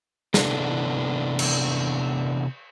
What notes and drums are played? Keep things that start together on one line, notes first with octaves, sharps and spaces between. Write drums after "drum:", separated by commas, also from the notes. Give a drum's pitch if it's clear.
C3 E3 B3 D4 A4, drum: snare
drum: cymbal